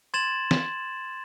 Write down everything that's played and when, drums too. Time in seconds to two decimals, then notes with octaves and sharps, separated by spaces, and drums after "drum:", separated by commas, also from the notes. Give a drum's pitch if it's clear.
0.14 C6 G#6 A6 E7 F#7
0.51 drum: snare